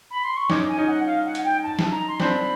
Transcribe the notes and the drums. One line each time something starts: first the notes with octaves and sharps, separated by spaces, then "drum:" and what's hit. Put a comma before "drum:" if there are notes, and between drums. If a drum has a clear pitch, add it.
B5
C6
C#6
C#4 D#4 D6, drum: snare
G#5
C#4 D#4
F#5
F5
F#5
drum: hi-hat
G5
A5
drum: snare
A#5
C6
C4 D4 B5, drum: snare